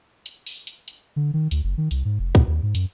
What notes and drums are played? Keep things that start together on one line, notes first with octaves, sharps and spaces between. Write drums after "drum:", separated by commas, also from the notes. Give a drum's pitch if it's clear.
drum: hi-hat
drum: open hi-hat
drum: hi-hat
drum: hi-hat
D3
D#3
D2, drum: hi-hat
F#1
D#3
C2, drum: hi-hat
G#2
F1
A#2, drum: kick
D#2
G#2
F#2, drum: hi-hat